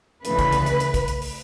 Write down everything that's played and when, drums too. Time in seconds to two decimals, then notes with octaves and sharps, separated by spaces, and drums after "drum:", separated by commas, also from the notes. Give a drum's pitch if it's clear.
0.25 D2 C#3 E3 A3 B4, drum: hi-hat
0.39 drum: kick, hi-hat
0.53 drum: hi-hat
0.66 drum: hi-hat
0.80 drum: hi-hat
0.94 drum: kick, hi-hat
1.08 drum: hi-hat
1.22 drum: open hi-hat